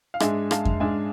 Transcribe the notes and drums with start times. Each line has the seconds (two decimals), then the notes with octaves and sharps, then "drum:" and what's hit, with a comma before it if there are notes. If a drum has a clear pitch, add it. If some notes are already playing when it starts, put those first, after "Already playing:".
0.14 F5
0.20 G#2 G#3 D4 E5 G#5, drum: rim click
0.51 F5 A5, drum: rim click
0.65 drum: kick F2
0.80 G#2 G#3 D4 E5 G#5